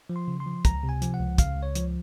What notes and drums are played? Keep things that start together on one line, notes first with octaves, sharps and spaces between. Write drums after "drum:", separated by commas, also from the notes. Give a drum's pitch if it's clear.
F3
C6
C#3
C6
F3
C#2 A#5, drum: kick, hi-hat
C3
G#5
F3, drum: hi-hat
F#5
C#2
C#3 F5, drum: kick, hi-hat
C#2
C#5
F3, drum: hi-hat